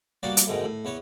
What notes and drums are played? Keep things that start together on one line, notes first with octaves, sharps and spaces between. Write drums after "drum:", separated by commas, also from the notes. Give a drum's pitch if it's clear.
G3 A#3 B3 F#4 D5
drum: hi-hat
D2 G#2 B2 D#3
A2
E2 B3 C#5